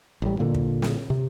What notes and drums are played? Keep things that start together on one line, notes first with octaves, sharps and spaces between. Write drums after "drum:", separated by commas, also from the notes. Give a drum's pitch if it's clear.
A1 G3
A#2 D3 A#3
drum: kick
drum: snare
C3